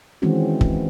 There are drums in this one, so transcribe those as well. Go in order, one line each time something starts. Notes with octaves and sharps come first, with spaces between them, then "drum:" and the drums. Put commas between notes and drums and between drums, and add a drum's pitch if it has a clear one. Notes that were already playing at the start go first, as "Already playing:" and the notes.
D#3 E3 G#3 C4 C#4 F#4
drum: kick